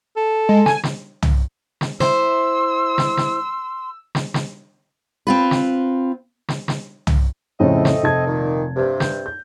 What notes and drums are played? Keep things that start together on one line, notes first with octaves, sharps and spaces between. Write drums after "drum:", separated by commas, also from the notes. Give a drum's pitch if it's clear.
A4
G#3
G#5, drum: snare
drum: snare
drum: tom
drum: snare
E4 C5 C6 E6, drum: snare
drum: snare
drum: snare
drum: snare
drum: snare
C4 F4 B4
drum: snare
drum: snare
drum: snare
drum: tom
F2 A2 C#3 A3 C4 D#5
drum: snare
F1 A5 G#6
A#2 D#3
G2 C3
G6, drum: snare
G6